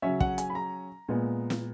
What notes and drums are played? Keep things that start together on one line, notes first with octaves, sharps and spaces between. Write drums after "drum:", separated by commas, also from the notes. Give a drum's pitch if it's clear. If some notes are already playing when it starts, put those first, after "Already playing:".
C#3 F#3 C#4 E5
F#5, drum: kick
G#5, drum: hi-hat
B5
A#5
A#2 G#3 B3
drum: snare